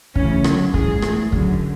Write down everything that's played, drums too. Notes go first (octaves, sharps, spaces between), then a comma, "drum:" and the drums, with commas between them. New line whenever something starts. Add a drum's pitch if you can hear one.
D2 C#3 E3 C#4, drum: kick
F#2 D3 F#3, drum: rim click
G#2 E3 G#4, drum: kick
A2 E3, drum: rim click
F#2 D3 F#3, drum: kick